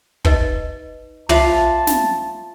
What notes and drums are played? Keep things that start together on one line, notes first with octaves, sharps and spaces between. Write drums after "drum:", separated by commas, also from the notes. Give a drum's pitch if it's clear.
D#4 B4 D#5, drum: kick
F4 C5 E5 F5 A5 B5 D6, drum: tom
drum: snare